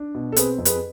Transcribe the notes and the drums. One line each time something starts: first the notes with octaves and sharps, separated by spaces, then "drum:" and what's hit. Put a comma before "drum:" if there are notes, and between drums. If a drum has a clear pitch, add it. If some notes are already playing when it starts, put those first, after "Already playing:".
Already playing: D4
B2
A4
C4 G#4 B4, drum: hi-hat
F2
G#4 B4, drum: hi-hat